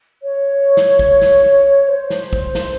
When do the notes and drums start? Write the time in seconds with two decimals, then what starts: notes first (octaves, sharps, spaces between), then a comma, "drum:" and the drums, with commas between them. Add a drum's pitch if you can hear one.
0.22 C#5
0.77 drum: snare
0.99 drum: kick
1.22 drum: snare
1.88 C5
2.10 drum: snare
2.33 drum: kick
2.55 drum: snare